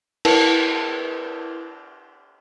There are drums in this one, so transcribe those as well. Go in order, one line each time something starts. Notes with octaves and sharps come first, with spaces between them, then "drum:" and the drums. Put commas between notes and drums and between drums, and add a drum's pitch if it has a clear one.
E4 A#4 B4 A5, drum: cymbal